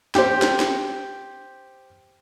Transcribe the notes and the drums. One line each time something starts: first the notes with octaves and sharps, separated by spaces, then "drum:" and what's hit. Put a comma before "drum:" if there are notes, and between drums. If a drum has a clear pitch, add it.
G4 C5, drum: snare
drum: snare
drum: snare